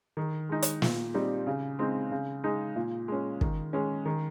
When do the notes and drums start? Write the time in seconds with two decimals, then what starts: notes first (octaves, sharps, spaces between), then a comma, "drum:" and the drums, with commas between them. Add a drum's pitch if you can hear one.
0.17 D#3
0.49 G#3 D#4
0.62 drum: hi-hat
0.82 A#2, drum: snare
1.14 G3 C4 D#4
1.47 C#3
1.79 G#3 C4 D#4
2.11 C#3
2.44 G#3 D#4
2.76 A#2
3.08 G#3 C#4
3.41 D#3, drum: kick
3.73 G#3 C#4
4.05 D#3